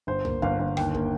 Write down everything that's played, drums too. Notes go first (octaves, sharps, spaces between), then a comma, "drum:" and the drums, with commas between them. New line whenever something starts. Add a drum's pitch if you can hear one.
G1 C5
A#3, drum: tom C2
G1 F5, drum: kick
G1
D#2 G5, drum: rim click
A#3, drum: kick